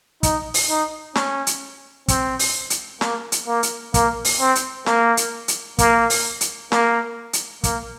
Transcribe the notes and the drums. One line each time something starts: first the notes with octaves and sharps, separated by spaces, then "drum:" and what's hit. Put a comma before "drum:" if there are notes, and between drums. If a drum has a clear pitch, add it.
D#4, drum: kick, hi-hat
drum: open hi-hat
D#4
C#4, drum: snare
drum: hi-hat
C4, drum: kick, hi-hat
drum: open hi-hat
drum: hi-hat
A#3, drum: snare
drum: hi-hat
A#3
drum: hi-hat
A#3, drum: kick, hi-hat
drum: open hi-hat
C4
drum: hi-hat
A#3, drum: snare
drum: hi-hat
drum: hi-hat
A#3, drum: kick, hi-hat
drum: open hi-hat
drum: hi-hat
A#3, drum: snare
drum: hi-hat
A#3, drum: kick, hi-hat